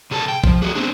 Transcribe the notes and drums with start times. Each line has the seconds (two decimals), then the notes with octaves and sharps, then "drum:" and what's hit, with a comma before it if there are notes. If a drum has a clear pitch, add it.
0.11 B2 G#4 A4 B4 A5
0.28 G5
0.44 F3, drum: kick
0.62 A3 F#4 G#4
0.75 B3 C4 D4